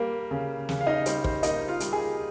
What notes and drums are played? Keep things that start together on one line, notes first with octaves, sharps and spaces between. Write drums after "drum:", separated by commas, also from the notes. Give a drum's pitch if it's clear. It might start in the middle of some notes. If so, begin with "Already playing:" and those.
Already playing: G3 A#3
C#3
C#3, drum: snare
F5
D#4 D#5
G3 C5, drum: hi-hat
C5, drum: kick
A#3 D#4 D#5, drum: hi-hat
F4 F5
G3, drum: hi-hat
G#4 G#5